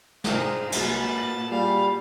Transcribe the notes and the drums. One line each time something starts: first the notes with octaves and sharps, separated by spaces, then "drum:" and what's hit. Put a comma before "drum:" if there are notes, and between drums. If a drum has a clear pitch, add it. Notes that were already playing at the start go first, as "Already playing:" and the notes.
G#1 D4 D#4 F4 G#4 C5 G5 F6, drum: snare
C2 A#2 F#3 G#3 B4 A5, drum: cymbal
A6 A#6 F#7
G3 F4 G4 G#4 F5